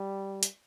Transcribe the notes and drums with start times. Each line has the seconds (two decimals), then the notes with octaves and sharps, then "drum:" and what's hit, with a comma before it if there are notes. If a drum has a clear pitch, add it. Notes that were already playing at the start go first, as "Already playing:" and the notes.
Already playing: G3
0.43 drum: hi-hat